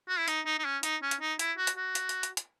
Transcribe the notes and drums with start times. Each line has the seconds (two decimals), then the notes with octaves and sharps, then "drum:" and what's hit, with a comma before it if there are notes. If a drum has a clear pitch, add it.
0.09 F#4
0.18 E4
0.28 D#4, drum: hi-hat
0.46 D#4
0.59 D#4
0.65 C#4
0.83 D#4, drum: hi-hat
1.02 C#4
1.11 drum: hi-hat
1.21 D#4
1.39 E4, drum: hi-hat
1.58 F#4
1.67 drum: hi-hat
1.76 F#4
1.95 drum: hi-hat
2.09 drum: hi-hat
2.23 drum: hi-hat
2.37 drum: hi-hat